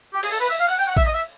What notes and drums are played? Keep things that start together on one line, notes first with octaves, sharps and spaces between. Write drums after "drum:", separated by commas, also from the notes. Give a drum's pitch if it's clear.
G4
G#4, drum: cymbal
A4
B4
E5
F5
F#5
G5
F#5
E5, drum: kick
D#5
E5